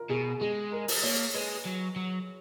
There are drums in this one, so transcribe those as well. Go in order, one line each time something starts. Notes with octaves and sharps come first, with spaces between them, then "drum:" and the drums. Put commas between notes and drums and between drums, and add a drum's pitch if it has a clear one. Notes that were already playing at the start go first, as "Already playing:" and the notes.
Already playing: F4 A#4
B2 G#4
G#3 G#4
A#4
drum: open hi-hat
A#3 C#5
G#3 B4
F#3
F#3